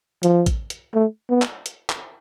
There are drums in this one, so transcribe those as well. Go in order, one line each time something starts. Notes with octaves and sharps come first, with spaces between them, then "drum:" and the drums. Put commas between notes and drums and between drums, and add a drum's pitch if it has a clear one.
F3, drum: hi-hat
drum: kick, hi-hat
drum: hi-hat
A3
B3
drum: clap
drum: hi-hat
drum: clap